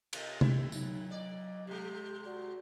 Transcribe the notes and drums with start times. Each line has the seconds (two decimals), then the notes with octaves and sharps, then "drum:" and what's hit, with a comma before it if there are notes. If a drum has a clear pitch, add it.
0.13 C3 D#5, drum: cymbal
0.41 C3 E4 G4, drum: tom C3
0.72 F#3 D#4, drum: tambourine
1.11 D5 D#5
1.67 C3 G#3 G4
2.25 F#4 D5